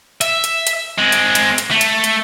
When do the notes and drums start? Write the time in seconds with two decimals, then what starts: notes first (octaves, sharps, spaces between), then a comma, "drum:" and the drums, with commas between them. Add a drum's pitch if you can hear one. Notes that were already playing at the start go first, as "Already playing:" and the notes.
0.21 E5, drum: hi-hat
0.44 drum: hi-hat
0.67 drum: hi-hat
0.98 G#3 C4
1.12 drum: hi-hat
1.35 drum: hi-hat
1.58 drum: hi-hat
1.71 A3
1.81 drum: hi-hat
2.04 drum: hi-hat